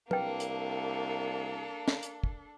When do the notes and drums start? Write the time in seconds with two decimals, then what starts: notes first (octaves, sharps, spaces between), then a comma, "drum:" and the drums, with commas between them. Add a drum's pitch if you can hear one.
0.11 C2 A#3 D4 A4 B4 G5, drum: tom
0.40 drum: hi-hat
1.88 drum: snare
2.03 drum: hi-hat
2.24 drum: kick